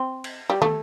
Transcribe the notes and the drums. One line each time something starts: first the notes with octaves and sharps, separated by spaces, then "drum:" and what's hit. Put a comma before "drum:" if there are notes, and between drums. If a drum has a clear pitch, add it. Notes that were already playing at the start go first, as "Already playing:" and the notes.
Already playing: C4
drum: cymbal
G3
A3, drum: tom